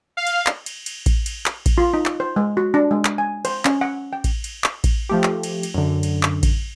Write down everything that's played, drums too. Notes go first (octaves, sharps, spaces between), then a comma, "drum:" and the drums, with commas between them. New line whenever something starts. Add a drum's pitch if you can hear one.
F5
drum: cymbal
drum: clap
drum: cymbal
drum: cymbal
drum: kick A1, cymbal
drum: cymbal
drum: clap
drum: kick A1, cymbal
F4
D#4
drum: clap
C5
G#3
F#4
D4
G#3
drum: clap
G#5
C5, drum: cymbal
C#4, drum: clap
F#5
G5
drum: kick A1, cymbal
drum: cymbal
drum: clap
drum: kick A1, cymbal
F3 A3 G4
drum: clap
drum: cymbal
drum: cymbal
F#2 D3
drum: cymbal
drum: clap
drum: kick A1, cymbal